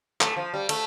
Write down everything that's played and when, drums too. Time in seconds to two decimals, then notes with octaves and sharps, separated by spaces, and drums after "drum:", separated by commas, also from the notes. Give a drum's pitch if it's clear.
0.21 A3, drum: clap
0.36 F3
0.54 G3
0.69 A3, drum: cymbal